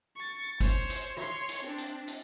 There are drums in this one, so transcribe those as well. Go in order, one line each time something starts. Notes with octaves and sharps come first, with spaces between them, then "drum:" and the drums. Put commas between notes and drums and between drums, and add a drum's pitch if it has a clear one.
C#6 A6
C5 C#5, drum: kick G1, hi-hat
drum: hi-hat
C#5 C6, drum: rim click
drum: hi-hat
C4 D4
drum: hi-hat
drum: hi-hat